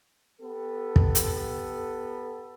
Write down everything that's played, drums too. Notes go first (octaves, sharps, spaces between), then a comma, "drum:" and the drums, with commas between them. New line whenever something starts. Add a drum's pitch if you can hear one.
B3 G4 A4
drum: kick
drum: hi-hat